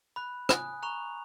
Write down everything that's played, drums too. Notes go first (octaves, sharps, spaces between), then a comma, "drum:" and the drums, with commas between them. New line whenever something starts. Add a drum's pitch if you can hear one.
B5 F#6
G#5 D#6 F#6, drum: rim click
A#5 C#6 F#6 F7